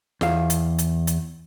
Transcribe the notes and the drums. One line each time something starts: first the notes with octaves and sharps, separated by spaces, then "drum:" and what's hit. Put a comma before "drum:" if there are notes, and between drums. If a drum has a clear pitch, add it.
E2 F5, drum: snare
drum: hi-hat
drum: hi-hat
drum: hi-hat